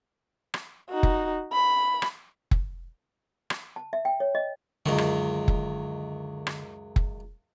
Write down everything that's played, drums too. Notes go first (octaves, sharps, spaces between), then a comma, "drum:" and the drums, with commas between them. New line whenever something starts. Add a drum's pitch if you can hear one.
drum: rim click
D#4 F#4
drum: kick
B5
drum: rim click
drum: kick
drum: rim click
A5
E5
G5
C#5
D#5
C#2 F#2 D3 D#3
drum: rim click
drum: kick
drum: rim click
drum: kick